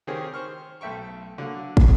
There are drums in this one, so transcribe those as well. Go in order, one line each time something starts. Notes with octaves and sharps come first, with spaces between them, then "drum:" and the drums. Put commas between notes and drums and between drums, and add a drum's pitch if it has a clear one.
D#3 C4 G4 G#4 A#4 C#5
C5 C#6 F6
B1 A3 E5 G5 C#6
D3 F#3 A#3
G#4, drum: kick